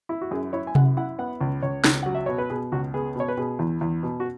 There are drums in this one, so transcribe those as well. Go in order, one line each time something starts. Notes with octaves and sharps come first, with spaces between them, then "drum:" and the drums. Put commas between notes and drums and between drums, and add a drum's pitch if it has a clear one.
E4
F#4
F#2 G#4
E4 C#5
G#5
F#2 F#5, drum: tom C3
E4 F#5
B3 F#5
C#2
C#2 C#5
C#2, drum: snare
F#3 F#5
E5
B2 C#5
B4
B2 G#4
C#2 F#4
B3 G#4
B2 C#5
B4
B2 G#4
E2
E2
B2
F#4